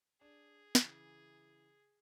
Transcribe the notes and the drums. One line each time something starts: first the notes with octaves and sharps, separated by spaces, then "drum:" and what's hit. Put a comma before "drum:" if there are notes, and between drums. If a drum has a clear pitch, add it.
D4 G#4
C#3 E3, drum: snare